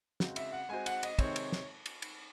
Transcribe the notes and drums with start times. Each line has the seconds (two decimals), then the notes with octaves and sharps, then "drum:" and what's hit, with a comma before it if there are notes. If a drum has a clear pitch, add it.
0.20 C#3 G#3 C4 F#4, drum: snare
0.36 E5, drum: cymbal
0.52 F#5
0.69 G#3 C4 F#4 C5 G#5
0.86 F#5, drum: cymbal
1.03 D#5, drum: cymbal
1.19 C3 D#3 G#3 C4 C#5, drum: kick, cymbal
1.36 drum: cymbal
1.52 drum: snare
1.86 drum: cymbal
2.02 drum: cymbal